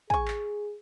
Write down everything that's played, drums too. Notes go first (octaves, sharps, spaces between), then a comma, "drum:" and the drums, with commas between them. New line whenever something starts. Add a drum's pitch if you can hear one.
G#4 G#5 C#6, drum: kick
drum: clap